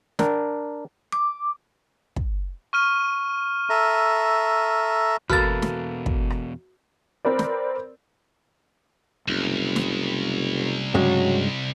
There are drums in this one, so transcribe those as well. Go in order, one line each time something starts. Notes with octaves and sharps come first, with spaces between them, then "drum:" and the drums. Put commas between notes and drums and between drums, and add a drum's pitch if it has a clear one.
D4 A#4, drum: snare
D6
drum: kick
C#6 F6 D#7
A4 E5 A#5
E2 B2 A#3 F#4 A4 B4 F6 A6, drum: kick
drum: snare
drum: kick
drum: rim click
C4 A#4 B4 D5
drum: snare
F#1 C2
drum: snare
G2 C#3 F#3 G#3